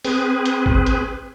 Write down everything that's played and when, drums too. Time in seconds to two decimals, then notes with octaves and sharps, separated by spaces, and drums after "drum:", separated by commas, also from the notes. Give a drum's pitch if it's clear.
0.05 C4 G#4 B4, drum: open hi-hat
0.45 drum: hi-hat
0.66 drum: kick
0.86 drum: hi-hat